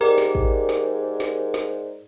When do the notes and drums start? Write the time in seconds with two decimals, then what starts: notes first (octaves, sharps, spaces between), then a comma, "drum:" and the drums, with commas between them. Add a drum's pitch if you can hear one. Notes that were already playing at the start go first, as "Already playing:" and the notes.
0.01 G#2 G4 A#4 D5
0.18 drum: snare
0.35 drum: kick
0.69 drum: snare
1.20 drum: snare
1.54 drum: snare